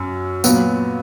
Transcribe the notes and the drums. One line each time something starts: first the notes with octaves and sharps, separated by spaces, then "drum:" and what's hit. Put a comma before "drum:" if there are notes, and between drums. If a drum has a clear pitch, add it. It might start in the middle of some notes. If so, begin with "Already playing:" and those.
Already playing: F#2
A#2 F#3 B3, drum: tambourine